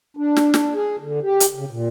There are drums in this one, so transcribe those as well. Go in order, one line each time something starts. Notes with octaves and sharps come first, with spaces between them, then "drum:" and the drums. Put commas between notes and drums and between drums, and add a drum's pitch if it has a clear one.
D4
drum: snare
drum: snare
G#4
D3
G4
drum: hi-hat
C#3
A#2